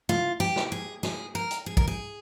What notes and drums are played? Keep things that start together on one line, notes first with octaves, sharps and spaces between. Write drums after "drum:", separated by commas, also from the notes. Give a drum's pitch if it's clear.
F4, drum: tom
G4
drum: snare
G#4
G#4, drum: snare
A#4
drum: hi-hat
G#4
A#4, drum: kick
G#4